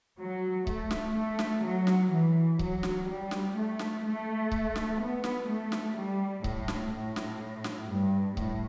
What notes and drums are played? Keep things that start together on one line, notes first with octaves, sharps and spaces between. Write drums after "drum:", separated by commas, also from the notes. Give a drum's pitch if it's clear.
F#3
A3, drum: kick C#1
drum: snare
A3
drum: snare
F#3
drum: snare
E3
F#3, drum: kick C#1
drum: snare
G3
drum: snare
A3
drum: snare
A3
drum: kick C#1
drum: snare
B3
drum: snare
A3
drum: snare
G3
A2, drum: kick C#1
drum: snare
A2
drum: snare
drum: snare
G2
A2, drum: kick C#1